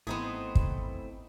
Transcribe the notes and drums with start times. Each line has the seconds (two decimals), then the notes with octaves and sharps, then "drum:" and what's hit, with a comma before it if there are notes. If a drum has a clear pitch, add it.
0.07 G#1 E3 A3 B3 C4 D#4 G#4 C5
0.55 drum: kick